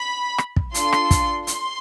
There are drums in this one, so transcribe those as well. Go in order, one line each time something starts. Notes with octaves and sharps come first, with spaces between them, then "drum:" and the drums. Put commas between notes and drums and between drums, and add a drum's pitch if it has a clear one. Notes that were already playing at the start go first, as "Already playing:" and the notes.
Already playing: B5
drum: rim click
drum: kick
D4 F4 A4 C6, drum: hi-hat
drum: rim click
drum: kick, hi-hat
C6, drum: hi-hat